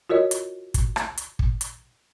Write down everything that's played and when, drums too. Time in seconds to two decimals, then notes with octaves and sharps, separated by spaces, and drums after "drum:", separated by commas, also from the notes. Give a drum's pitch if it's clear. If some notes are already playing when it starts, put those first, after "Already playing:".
0.09 F4 F#4 A#4 C#5 D#5
0.31 drum: hi-hat
0.74 drum: kick, hi-hat
0.96 drum: rim click
1.18 drum: hi-hat
1.39 drum: kick
1.61 drum: hi-hat